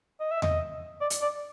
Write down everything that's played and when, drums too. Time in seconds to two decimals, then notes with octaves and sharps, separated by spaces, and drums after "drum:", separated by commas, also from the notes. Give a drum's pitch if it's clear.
0.20 D#5
0.31 E5
0.42 D#5, drum: tom E2
1.01 D5
1.10 drum: hi-hat
1.22 D5